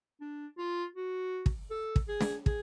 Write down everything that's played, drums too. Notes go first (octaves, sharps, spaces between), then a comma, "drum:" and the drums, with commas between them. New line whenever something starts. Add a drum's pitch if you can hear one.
D4
F4
F#4
drum: kick
A4
drum: kick
G#4
drum: snare
G#4, drum: kick